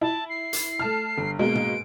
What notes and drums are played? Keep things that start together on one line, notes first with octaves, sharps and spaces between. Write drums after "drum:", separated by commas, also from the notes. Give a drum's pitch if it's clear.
E4 A5
C7
drum: hi-hat
A3 A5 F6
G1
B2 G#3 A#3 D7
drum: tom